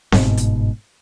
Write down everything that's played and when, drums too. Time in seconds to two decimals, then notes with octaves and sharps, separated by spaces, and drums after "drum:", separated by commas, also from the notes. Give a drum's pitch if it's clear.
0.12 G1 G#2 B2, drum: snare C4
0.37 drum: hi-hat